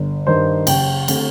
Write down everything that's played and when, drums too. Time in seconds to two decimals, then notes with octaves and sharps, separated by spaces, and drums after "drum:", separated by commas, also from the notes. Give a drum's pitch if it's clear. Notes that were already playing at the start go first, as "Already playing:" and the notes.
Already playing: G1
0.27 G2 D#3 C5
0.67 F#1 G5, drum: cymbal
1.08 D3 A3 C4, drum: cymbal